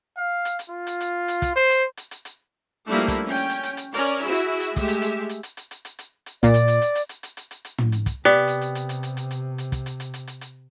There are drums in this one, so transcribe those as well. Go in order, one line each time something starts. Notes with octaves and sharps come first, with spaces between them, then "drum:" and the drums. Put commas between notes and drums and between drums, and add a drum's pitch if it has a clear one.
F5
drum: hi-hat
drum: hi-hat
F4
drum: hi-hat
drum: hi-hat
drum: hi-hat
drum: kick, hi-hat
C5
drum: hi-hat
drum: hi-hat
drum: hi-hat
drum: hi-hat
F3 G3 A3 A#3 D4 E4
drum: kick, hi-hat
C#4 G5
drum: hi-hat
drum: hi-hat
drum: hi-hat
drum: hi-hat
C#4 A#4 D5, drum: hi-hat
drum: hi-hat
E4 F#4 G#4 E5
drum: hi-hat
drum: hi-hat
G#3 A3 G4 E5, drum: kick, hi-hat
drum: hi-hat
drum: hi-hat
drum: hi-hat
drum: hi-hat
drum: hi-hat
drum: hi-hat
drum: hi-hat
drum: hi-hat
drum: hi-hat
A#2 D5, drum: kick, hi-hat
drum: hi-hat
drum: hi-hat
drum: hi-hat
drum: hi-hat
drum: hi-hat
drum: hi-hat
drum: hi-hat
drum: hi-hat
drum: hi-hat
drum: tom
drum: hi-hat
drum: kick, hi-hat
C3 B3 G4 D5
drum: hi-hat
drum: hi-hat
drum: hi-hat
drum: hi-hat
drum: hi-hat
drum: hi-hat
drum: hi-hat
drum: hi-hat
drum: kick, hi-hat
drum: hi-hat
drum: hi-hat
drum: hi-hat
drum: hi-hat
drum: hi-hat